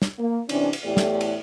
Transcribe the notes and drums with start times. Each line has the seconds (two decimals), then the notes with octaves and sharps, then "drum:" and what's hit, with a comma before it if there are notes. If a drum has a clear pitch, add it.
0.02 drum: snare
0.19 A#3
0.49 C3 E3 C#4 D4, drum: cymbal
0.73 drum: cymbal
0.84 E2 A2 A3 G4 D5
0.97 drum: snare
1.21 drum: cymbal